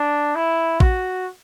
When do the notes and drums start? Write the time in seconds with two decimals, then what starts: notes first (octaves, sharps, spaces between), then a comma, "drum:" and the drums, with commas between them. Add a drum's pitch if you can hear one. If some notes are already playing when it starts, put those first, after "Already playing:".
Already playing: D4
0.35 E4
0.80 F#4, drum: kick A1